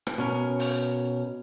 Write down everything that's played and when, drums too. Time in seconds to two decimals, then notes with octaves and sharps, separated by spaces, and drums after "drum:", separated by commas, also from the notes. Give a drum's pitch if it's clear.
0.06 drum: rim click
0.18 B2 C#4 A#4
0.60 drum: open hi-hat